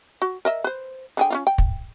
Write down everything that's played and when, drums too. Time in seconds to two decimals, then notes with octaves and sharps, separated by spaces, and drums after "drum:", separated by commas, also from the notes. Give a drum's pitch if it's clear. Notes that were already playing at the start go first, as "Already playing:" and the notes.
0.22 F#4
0.45 A#4 D#5 E5
0.64 B4 C5
1.17 D3 G#4 G5
1.30 C#4 D4 F4
1.47 G5
1.58 drum: kick